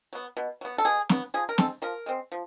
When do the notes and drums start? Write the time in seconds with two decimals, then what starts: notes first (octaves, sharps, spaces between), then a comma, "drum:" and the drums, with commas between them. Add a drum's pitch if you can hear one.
0.13 F#3 B3
0.37 B2
0.61 F#3 B3
0.78 A4
0.85 B2 G#4
1.09 F#3 B3, drum: snare
1.34 F3 G#4
1.49 A#4
1.58 G#3 C4 A4, drum: snare
1.82 F3 A#4
2.06 G#3 C4
2.32 F3